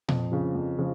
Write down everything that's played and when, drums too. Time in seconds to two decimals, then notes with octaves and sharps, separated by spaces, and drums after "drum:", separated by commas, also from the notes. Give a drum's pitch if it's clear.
0.08 F2, drum: tom A#2
0.32 C#3 F3
0.55 F2
0.78 C#3 F3